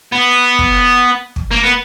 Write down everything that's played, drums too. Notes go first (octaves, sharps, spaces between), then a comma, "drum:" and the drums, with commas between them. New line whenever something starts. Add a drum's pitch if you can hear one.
B3
drum: kick
drum: kick
A#3
B3